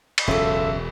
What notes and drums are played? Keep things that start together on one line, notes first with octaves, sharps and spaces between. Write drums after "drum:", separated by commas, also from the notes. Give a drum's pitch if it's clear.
drum: cymbal
E1 C#2 F#2 C#4 F4 A4 E5